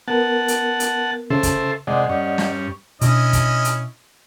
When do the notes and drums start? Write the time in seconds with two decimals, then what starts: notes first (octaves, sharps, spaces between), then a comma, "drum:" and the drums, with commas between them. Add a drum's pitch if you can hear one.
0.08 B3 A#4 F#5 A5
0.48 drum: hi-hat
0.80 drum: hi-hat
1.30 C#3 A4 C5 E5
1.43 drum: kick, hi-hat
1.87 C3 G#3 D5 D#5 F#5
2.09 G2 C#4
2.38 drum: snare
3.01 B2 C#4 D4 E4 D#5, drum: hi-hat
3.33 drum: kick, hi-hat
3.65 drum: hi-hat